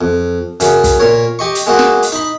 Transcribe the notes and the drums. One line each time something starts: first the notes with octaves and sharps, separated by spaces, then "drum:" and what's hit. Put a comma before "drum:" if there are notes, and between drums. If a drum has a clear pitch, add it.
F2
F#2 C#3, drum: hi-hat
drum: kick, hi-hat
A#2 A#4 C#5
G4 D#5 C#6
drum: hi-hat
G#3 A#3 F#4
drum: snare
drum: hi-hat
D#4 B5